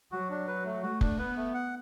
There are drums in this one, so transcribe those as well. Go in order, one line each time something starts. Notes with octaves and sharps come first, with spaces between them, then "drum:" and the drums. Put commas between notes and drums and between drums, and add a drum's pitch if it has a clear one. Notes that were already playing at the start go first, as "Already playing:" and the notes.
F#3 F#4
D4
B4
A3
A3 F#4
D4, drum: kick F1
B3 B4
A3
F#5